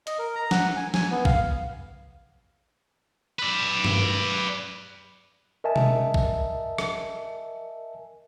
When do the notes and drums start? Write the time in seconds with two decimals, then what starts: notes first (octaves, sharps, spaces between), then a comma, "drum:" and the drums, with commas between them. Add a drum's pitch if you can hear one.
0.07 D#5, drum: hi-hat
0.19 A#4
0.35 A#5
0.51 F#5, drum: snare
0.76 G#5
0.94 G#5, drum: snare
1.11 B3
1.25 F5, drum: kick A#1
3.39 B4 D5
3.84 drum: tom
5.64 A#4 D#5 E5 G#5 A5
5.76 drum: tom B2
6.14 drum: kick A#1
6.78 drum: rim click